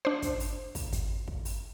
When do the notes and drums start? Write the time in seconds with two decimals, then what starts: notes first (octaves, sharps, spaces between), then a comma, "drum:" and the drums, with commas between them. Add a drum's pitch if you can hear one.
0.05 D4 C5
0.22 drum: kick, hi-hat
0.40 drum: open hi-hat
0.75 drum: kick, open hi-hat
0.92 drum: kick, hi-hat
1.28 drum: kick
1.45 drum: open hi-hat